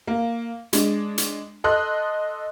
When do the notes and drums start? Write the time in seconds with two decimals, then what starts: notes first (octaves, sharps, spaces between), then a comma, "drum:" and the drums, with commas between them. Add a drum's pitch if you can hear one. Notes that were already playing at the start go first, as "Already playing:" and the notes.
0.07 A#3
0.73 G#3 D4, drum: hi-hat
1.18 drum: hi-hat
1.64 A4 D#5 C6 F#6